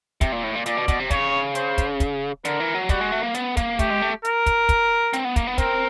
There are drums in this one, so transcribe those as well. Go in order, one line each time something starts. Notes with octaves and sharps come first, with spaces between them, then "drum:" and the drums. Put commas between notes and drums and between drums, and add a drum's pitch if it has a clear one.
C3, drum: kick, hi-hat
A#2
A2
A#2
A#2 D5, drum: hi-hat
B2
B2, drum: kick, hi-hat
C3
C#3 C#5, drum: kick, hi-hat
C5, drum: hi-hat
drum: kick, hi-hat
drum: kick, hi-hat
D3 A#4, drum: hi-hat
E3
F#3
G3 F#4, drum: kick, hi-hat
G#3
A3
A#3
B3, drum: hi-hat
A#3, drum: kick, hi-hat
A3 G4, drum: kick, hi-hat
G#3
A3
A#4, drum: hi-hat
drum: kick, hi-hat
drum: kick, hi-hat
C4, drum: hi-hat
B3
A#3, drum: kick, hi-hat
B3
C4 A#4, drum: kick, hi-hat